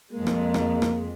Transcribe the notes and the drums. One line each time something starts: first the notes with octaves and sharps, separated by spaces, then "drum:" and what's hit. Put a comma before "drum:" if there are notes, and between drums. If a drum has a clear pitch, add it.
F2 G#3 A#3
drum: rim click
drum: rim click
drum: rim click